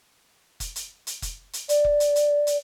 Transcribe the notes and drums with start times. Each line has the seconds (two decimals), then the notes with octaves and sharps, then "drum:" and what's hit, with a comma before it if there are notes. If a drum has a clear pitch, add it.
0.60 drum: kick F1, hi-hat
0.76 drum: hi-hat
1.07 drum: hi-hat
1.22 drum: kick F1, hi-hat
1.53 drum: hi-hat
1.69 D5, drum: hi-hat
1.85 drum: kick F1
2.00 drum: hi-hat
2.16 drum: hi-hat
2.47 drum: hi-hat